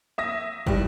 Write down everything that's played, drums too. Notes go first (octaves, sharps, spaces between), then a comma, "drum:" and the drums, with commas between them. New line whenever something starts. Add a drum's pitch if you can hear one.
E5 D#6 A#6
G2 D#3 G3 E4, drum: kick